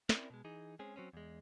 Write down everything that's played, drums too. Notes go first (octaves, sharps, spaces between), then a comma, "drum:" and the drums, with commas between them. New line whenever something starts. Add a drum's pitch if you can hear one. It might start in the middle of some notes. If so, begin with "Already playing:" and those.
C4 C#4 E4 A#4 D5, drum: snare
B2 G#3
E3 D#4 G#4
G#3 C4 C#4 G#4
F#3 C4 C#4
E2 G#3